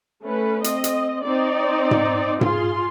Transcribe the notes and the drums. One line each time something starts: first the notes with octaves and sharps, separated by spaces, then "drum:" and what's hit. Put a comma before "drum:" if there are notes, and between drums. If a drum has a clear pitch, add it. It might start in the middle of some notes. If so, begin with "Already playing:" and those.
A3 C#4 B4
C4 D#5, drum: hi-hat
drum: hi-hat
C4 D#4 D5
drum: tom G#2
F4 G#4 C6, drum: tom G#2